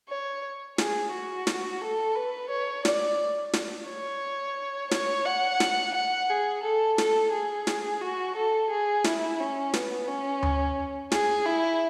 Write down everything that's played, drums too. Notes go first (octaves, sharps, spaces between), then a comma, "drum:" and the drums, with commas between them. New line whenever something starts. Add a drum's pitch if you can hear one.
C#5
G#4, drum: snare
F#4
drum: snare
A4
B4
C#5
D5, drum: snare
drum: snare
C#5
C#5, drum: snare
F#5
drum: snare
F#5
G#4
A4
A4, drum: snare
G#4
drum: snare
F#4
A4
G#4
E4, drum: snare
C#4
B3, drum: snare
C#4
drum: tom D2
G#4, drum: snare
E4